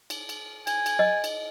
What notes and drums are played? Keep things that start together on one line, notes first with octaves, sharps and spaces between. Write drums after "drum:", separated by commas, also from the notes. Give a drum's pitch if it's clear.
drum: cymbal
drum: cymbal
G#5, drum: cymbal
drum: cymbal
D#5
drum: cymbal